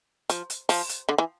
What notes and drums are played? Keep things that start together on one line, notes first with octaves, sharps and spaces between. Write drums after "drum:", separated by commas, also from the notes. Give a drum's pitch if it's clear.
F3, drum: hi-hat
drum: hi-hat
F3, drum: open hi-hat
drum: hi-hat
D3
E3